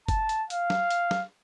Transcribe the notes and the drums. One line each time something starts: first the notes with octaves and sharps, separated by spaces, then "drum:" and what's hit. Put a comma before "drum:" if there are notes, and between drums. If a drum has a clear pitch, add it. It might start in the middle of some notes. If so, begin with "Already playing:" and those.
A5, drum: kick F#1, hi-hat
drum: hi-hat
F5, drum: hi-hat
drum: snare
drum: hi-hat
drum: snare